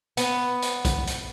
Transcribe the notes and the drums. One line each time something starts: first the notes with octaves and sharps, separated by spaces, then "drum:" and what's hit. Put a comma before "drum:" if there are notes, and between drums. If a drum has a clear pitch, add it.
B3, drum: hi-hat
drum: hi-hat
drum: kick A#1, hi-hat
drum: hi-hat